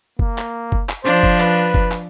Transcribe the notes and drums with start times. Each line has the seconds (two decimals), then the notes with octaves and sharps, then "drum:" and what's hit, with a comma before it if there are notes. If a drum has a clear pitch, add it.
0.19 A#3, drum: kick F#1
0.38 drum: clap
0.72 drum: kick F#1
0.89 drum: clap
1.04 F3 D4 C5
1.23 drum: kick F#1
1.40 B4, drum: clap
1.74 drum: kick F#1
1.91 drum: clap